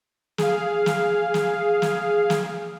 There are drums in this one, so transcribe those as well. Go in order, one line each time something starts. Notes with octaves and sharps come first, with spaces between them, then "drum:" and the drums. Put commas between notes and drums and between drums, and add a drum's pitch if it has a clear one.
G#4 F5, drum: snare
drum: snare
drum: snare
drum: snare
drum: snare